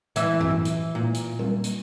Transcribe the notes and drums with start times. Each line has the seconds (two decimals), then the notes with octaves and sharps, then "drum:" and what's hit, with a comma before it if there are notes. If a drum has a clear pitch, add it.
0.16 E3 E4 E5, drum: hi-hat
0.40 drum: tom G2
0.65 drum: hi-hat
0.95 A#2
1.14 drum: hi-hat
1.39 drum: tom G3
1.64 drum: hi-hat